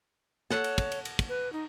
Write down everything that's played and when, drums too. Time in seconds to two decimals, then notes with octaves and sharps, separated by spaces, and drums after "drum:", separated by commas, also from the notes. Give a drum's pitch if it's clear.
0.51 A4 C#5 F#5, drum: snare
0.64 drum: cymbal
0.78 drum: kick, cymbal
0.92 drum: cymbal
1.05 drum: cymbal
1.19 drum: kick, cymbal
1.29 B4
1.53 D#4